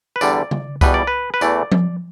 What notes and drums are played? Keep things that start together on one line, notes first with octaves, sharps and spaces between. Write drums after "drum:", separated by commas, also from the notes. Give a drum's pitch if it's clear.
B4
E2 D3 G3 D5, drum: tambourine
drum: tom C#3
E2 B2 G3 B4, drum: kick C2, tambourine
D5
B4
B4
E2 E3 A3 D5, drum: tambourine
drum: tom F3